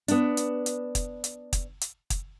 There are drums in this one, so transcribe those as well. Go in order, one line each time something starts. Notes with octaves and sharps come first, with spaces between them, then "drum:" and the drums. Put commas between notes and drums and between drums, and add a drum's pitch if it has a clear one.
B3 D4, drum: hi-hat
drum: hi-hat
drum: hi-hat
drum: kick, hi-hat
drum: hi-hat
drum: kick, hi-hat
drum: hi-hat
drum: kick, hi-hat